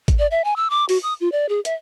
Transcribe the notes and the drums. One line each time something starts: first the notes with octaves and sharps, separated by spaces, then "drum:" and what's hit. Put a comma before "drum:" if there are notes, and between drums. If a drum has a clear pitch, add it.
drum: kick, hi-hat
D5
E5
G#5
E6
D6
F#4, drum: open hi-hat
D#6
F4
D5
G#4
E5, drum: hi-hat